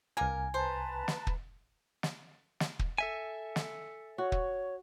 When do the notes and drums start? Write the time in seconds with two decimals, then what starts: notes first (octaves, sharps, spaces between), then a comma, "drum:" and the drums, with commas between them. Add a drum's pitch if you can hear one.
0.17 C2 A#3 A#4 G#5
0.54 B4 C5 A5 A#5
1.08 drum: snare
1.27 drum: kick
2.03 drum: snare
2.60 drum: snare
2.79 drum: kick
2.98 A4 E5 G#5
3.56 drum: snare
4.18 F#4 C#5
4.32 drum: kick